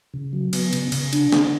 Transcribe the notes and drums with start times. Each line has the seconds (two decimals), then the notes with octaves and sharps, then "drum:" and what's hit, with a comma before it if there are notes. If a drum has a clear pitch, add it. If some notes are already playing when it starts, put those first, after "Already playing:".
0.14 C#3
0.33 F#3
0.53 B3, drum: cymbal
0.73 C#3, drum: cymbal
0.92 C#3, drum: cymbal
1.13 D4, drum: cymbal
1.32 D3, drum: snare